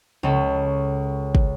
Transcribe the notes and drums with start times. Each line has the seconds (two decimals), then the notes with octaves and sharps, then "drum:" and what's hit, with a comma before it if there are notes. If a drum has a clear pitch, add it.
0.23 C#2 C#4 A4
1.35 drum: kick